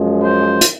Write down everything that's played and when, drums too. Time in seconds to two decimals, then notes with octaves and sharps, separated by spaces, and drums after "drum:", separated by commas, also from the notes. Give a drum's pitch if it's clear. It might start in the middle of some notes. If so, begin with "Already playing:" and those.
Already playing: F#2 F3 G#3
0.20 C5
0.61 drum: hi-hat